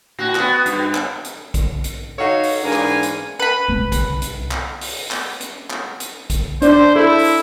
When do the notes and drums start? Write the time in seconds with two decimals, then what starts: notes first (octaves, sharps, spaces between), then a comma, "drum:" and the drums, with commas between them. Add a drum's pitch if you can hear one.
0.19 A2 F#4
0.35 B3 F#4, drum: clap
0.66 G2, drum: hi-hat
0.95 drum: clap
1.24 drum: hi-hat
1.54 drum: kick A#1, hi-hat
1.84 drum: hi-hat
2.18 D#4 F#4 A4 C#5 F5
2.43 drum: open hi-hat
2.64 G#2 E3 D4 A#4 F5 G#5
2.73 drum: clap
3.03 drum: hi-hat
3.39 B4 B5
3.68 C2
3.92 drum: kick A#1, hi-hat
4.22 drum: hi-hat
4.51 drum: clap
4.81 drum: open hi-hat
5.11 drum: clap
5.41 drum: hi-hat
5.70 drum: clap
6.00 drum: hi-hat
6.30 drum: kick A#1, hi-hat
6.62 D4 C5 D5, drum: hi-hat
6.96 E4 A4
7.19 drum: open hi-hat